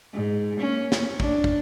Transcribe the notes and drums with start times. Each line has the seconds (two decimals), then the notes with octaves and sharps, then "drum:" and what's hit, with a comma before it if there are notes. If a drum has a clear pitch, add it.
0.13 G#2
0.59 A#3 C#4
0.92 drum: snare
1.20 D4, drum: kick
1.44 drum: kick